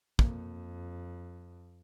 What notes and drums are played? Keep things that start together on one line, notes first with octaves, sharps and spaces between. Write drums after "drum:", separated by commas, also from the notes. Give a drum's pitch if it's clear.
F2 A#3, drum: kick